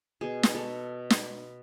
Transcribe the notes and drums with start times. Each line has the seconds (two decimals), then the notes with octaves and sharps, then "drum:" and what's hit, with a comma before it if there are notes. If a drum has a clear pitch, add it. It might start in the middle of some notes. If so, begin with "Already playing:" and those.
0.21 B2 G#4
0.43 drum: snare
0.55 B2 A4
1.10 drum: snare